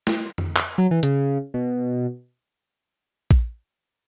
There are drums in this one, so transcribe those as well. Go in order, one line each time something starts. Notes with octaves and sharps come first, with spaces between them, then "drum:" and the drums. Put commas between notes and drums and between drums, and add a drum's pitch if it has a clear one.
drum: snare
drum: tom F2
drum: clap
F#3
E3
C#3, drum: hi-hat
B2
drum: kick A#1